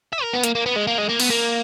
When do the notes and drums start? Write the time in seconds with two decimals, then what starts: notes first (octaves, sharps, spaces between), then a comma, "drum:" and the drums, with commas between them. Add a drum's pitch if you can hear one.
0.13 E5
0.22 A#4
0.33 B3
0.44 A#3, drum: hi-hat
0.55 A#3
0.66 B3
0.76 G#3
0.87 A#3
0.98 G#3
1.09 A#3
1.20 B3, drum: cymbal
1.30 A#3